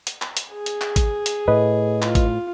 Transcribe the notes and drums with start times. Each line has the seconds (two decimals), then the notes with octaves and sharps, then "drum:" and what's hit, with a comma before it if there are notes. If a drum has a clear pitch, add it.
0.07 drum: hi-hat
0.22 drum: clap
0.37 drum: hi-hat
0.51 G#4
0.66 drum: hi-hat
0.81 drum: clap
0.96 drum: kick G#1, hi-hat
1.26 drum: hi-hat
1.48 A2 B4 D#5
2.02 F4, drum: clap
2.15 drum: kick G#1, hi-hat